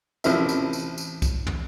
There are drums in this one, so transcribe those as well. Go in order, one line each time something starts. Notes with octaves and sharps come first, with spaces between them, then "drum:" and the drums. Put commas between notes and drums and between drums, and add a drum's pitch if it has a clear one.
A1 C3 F3 E4 A#4 E5, drum: tambourine
drum: tambourine
drum: tambourine
drum: tambourine
drum: kick, tambourine
drum: tom